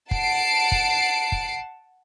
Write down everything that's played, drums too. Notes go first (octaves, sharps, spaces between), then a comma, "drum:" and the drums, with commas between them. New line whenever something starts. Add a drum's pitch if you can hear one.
F#5 A5 C7 D7, drum: kick
drum: kick
drum: kick